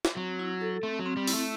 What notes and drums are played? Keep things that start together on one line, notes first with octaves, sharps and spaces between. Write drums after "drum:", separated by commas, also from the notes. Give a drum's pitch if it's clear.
drum: snare
F#3 C4
E4
A4
A3 C4
F#3
C4
G3
E4, drum: open hi-hat
A3